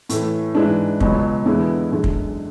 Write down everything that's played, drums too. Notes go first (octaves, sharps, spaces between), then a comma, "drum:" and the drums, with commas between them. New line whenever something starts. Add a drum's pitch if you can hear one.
A2 E3 A3, drum: hi-hat
G#2 E3 G#3 D4
C#2 B2 F#3, drum: kick
E2 D3 G#3 B3 E4
F#2 D3 G#3
drum: kick